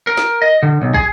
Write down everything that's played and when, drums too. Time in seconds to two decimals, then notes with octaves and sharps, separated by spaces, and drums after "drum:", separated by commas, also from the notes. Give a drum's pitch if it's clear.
0.07 A#4
0.17 drum: snare
0.42 D#5
0.63 D3
0.82 B1
0.94 G#4, drum: kick